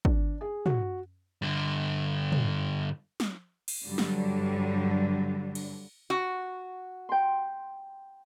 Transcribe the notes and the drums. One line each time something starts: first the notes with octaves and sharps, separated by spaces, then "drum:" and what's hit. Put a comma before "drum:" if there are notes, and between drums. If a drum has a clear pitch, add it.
D4, drum: kick
G#4
F#4, drum: tom
G2 D3
drum: tom
drum: snare
drum: cymbal
G2 D3 F#3 G3
drum: snare
drum: cymbal
F#4
G5 C6